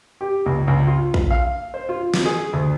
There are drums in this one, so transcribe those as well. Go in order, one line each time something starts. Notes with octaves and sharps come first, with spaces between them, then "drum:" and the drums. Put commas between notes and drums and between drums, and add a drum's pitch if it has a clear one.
G4
C#2
C#2
F4
drum: kick
F5
C5
F4
drum: snare
G#4
D2